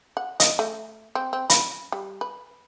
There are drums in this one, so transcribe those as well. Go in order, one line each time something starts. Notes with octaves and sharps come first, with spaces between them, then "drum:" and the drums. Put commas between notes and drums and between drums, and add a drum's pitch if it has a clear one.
F#5
D#5, drum: hi-hat
A3
C4
C4
B5, drum: hi-hat
G3
B4